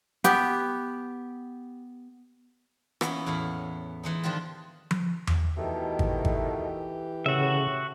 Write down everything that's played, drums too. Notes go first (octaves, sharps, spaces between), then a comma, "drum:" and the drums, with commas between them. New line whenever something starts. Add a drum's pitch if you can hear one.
B3 G4, drum: hi-hat
E3 A#3 B3 C#4 E4, drum: rim click
E2 A2 E4 F5
E3 G#3 D#4
D#3 F3 D4 F4 G4 A5
drum: tom F3
drum: tom E2
B2 D#3 E3 A3 G4
drum: kick G#1
drum: kick G#1
A2 C#3 F#4 E5